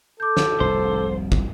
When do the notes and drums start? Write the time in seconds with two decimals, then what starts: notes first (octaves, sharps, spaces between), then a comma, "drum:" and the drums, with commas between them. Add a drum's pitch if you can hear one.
0.20 A4 D6 G6
0.37 drum: snare
0.60 F1 C2 G#2 C5
1.32 drum: kick